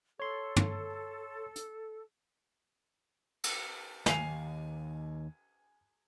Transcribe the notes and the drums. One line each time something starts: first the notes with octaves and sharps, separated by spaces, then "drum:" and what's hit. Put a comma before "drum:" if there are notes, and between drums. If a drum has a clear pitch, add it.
A4 C#5 C6
drum: tom
drum: hi-hat
drum: cymbal
D#2 G#5 C7 F7, drum: snare